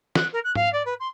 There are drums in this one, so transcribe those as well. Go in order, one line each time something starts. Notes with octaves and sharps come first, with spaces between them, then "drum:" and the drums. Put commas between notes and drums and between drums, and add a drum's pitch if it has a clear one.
F#6, drum: snare
A#4
F#6
F5, drum: tom G#2
D5
B4
C6